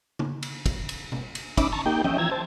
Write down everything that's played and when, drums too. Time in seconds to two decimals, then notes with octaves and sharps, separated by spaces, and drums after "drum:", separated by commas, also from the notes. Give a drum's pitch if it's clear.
0.19 drum: tom C#3
0.42 drum: cymbal
0.66 drum: kick, cymbal
0.89 drum: cymbal
1.12 drum: tom B2
1.35 drum: cymbal
1.57 C#4 D#4 E5 B5 D6, drum: kick, cymbal
1.72 A5 A#5 C#6
1.86 A#3 D#4 G4 G5
2.04 C#4 D#5 E5 G5, drum: tom F3
2.18 E3 F3 A#5 E6 G#6
2.31 C5 A5